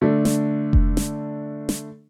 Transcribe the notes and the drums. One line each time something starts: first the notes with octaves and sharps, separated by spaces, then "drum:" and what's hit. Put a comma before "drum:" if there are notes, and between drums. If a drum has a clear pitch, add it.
D3 A3 D4
drum: snare
drum: kick F1
drum: snare
drum: snare